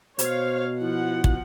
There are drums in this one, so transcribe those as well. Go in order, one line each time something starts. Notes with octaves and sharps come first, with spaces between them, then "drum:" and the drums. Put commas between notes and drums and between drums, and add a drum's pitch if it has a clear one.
B2 C5 C#5 F5, drum: hi-hat
F3 E4 F#5
drum: kick